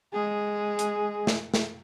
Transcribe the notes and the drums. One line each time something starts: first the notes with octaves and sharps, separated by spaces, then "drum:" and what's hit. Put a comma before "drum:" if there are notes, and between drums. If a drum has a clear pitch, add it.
G#3 G#4
drum: hi-hat
drum: snare
drum: snare